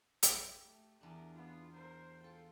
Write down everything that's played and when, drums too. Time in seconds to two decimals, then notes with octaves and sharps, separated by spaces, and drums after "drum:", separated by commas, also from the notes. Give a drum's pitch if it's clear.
0.23 G4, drum: hi-hat
0.65 A3
1.01 E2 D4 A#4
1.34 B3 F4
1.73 A#4 C5
2.20 F4 A4 G5